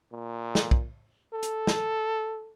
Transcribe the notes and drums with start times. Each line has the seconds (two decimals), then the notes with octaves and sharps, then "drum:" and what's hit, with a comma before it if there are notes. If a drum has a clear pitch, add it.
0.12 A#2
0.55 drum: snare
0.71 drum: kick
1.33 A4
1.43 drum: hi-hat
1.67 drum: snare